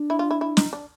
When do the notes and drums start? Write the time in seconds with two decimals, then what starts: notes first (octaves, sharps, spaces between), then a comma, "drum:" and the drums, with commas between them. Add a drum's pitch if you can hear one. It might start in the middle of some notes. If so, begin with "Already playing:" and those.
Already playing: D4
0.10 E4
0.19 F4
0.31 E4
0.41 E4
0.57 D#4, drum: snare
0.73 D4